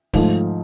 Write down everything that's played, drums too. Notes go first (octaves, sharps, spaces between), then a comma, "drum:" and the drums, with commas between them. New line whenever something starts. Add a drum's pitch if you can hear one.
G#2 F3 A3, drum: kick, open hi-hat